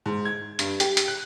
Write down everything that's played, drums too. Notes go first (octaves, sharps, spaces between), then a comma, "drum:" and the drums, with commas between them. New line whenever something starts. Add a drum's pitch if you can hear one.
G#2
G#6
G2, drum: hi-hat
G4, drum: hi-hat
drum: hi-hat
F#6